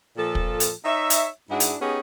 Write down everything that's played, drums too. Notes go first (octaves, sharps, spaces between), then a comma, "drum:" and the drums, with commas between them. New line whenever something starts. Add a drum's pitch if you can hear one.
A#2 F3 A4
drum: kick
drum: hi-hat
D#4 C#5 E5
drum: hi-hat
G#2 D4 E4 F#4 G#4
drum: hi-hat
B3 C#4 D#4 G4 G#4